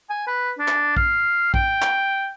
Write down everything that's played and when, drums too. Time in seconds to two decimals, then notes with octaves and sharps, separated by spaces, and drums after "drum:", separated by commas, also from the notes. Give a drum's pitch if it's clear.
0.09 G#5
0.27 B4
0.58 D4
0.68 drum: clap
0.97 F5, drum: kick
1.54 G5, drum: kick
1.82 drum: clap